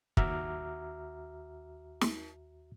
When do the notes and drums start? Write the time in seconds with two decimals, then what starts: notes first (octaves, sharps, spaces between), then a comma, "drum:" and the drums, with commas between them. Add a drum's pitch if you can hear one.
0.17 D#2 F#4 E5 A#5 D6 F6, drum: kick
2.01 drum: snare